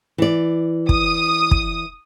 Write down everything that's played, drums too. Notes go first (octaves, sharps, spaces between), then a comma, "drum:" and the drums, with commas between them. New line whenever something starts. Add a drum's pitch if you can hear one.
E3 D5
D#6, drum: kick
drum: kick